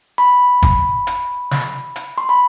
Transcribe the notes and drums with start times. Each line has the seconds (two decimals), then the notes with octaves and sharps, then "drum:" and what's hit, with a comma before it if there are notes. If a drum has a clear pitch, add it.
0.18 B5
0.62 drum: kick G1, hi-hat
1.07 drum: hi-hat
1.51 drum: snare
1.96 drum: hi-hat
2.18 C6
2.29 B5